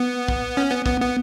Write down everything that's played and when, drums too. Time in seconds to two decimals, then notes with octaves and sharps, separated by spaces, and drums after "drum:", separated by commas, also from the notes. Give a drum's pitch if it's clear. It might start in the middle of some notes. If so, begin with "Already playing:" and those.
Already playing: B3
0.28 drum: kick
0.57 C#4
0.71 B3
0.86 B3, drum: kick
1.01 B3